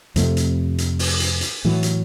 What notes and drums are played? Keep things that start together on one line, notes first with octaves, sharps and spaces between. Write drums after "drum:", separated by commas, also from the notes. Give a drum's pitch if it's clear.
F2 C3 A3, drum: hi-hat
drum: hi-hat
drum: hi-hat
drum: open hi-hat
drum: hi-hat
drum: hi-hat
A2 E3 F#3
drum: hi-hat